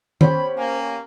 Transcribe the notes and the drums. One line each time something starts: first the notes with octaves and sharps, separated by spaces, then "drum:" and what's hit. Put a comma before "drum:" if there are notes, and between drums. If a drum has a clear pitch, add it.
B3 C#4 G4 C5 B5, drum: tom D#3
A#3 G#5